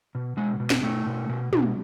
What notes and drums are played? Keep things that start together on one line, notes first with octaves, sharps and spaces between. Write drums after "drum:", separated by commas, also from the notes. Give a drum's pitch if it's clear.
B2
B2 G#3
B2
drum: snare
B2 A3
B2
B2
B2, drum: tom